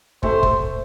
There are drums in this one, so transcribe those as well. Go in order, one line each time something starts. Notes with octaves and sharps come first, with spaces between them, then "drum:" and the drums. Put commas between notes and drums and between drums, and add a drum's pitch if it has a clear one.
A3 C5, drum: kick
drum: kick